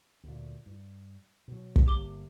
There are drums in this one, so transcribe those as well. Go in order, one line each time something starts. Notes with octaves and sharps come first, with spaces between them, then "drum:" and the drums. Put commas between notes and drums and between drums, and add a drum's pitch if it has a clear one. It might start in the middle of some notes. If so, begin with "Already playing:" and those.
D2 A#2
G2
B2 F#3
drum: kick
G1 A#3 G4 D6 G7